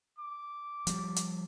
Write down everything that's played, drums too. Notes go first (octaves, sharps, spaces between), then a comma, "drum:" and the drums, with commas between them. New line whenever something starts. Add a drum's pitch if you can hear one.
D6
F3 G3, drum: hi-hat
drum: hi-hat